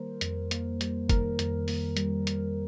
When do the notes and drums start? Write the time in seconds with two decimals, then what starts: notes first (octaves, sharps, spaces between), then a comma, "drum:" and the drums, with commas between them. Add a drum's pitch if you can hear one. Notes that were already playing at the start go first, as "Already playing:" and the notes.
Already playing: D#3 G3 A#3 A#4 C5
0.21 F2, drum: hi-hat
0.51 A#3, drum: hi-hat
0.81 G3, drum: hi-hat
1.09 D#3 A#4, drum: kick, hi-hat
1.39 F2, drum: hi-hat
1.68 A#3, drum: open hi-hat
1.97 G3, drum: hi-hat
2.27 D#3, drum: hi-hat